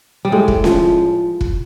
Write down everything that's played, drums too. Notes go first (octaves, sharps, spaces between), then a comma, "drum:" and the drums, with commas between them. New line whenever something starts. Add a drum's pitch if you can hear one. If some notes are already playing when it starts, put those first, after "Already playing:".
G3
A2 G#3
drum: kick
F3, drum: snare C#4
drum: kick